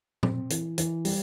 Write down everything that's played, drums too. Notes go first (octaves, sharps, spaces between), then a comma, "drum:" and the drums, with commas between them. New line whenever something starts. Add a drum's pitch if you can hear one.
C4, drum: tom A#2
E3, drum: hi-hat
E3, drum: hi-hat
G3, drum: open hi-hat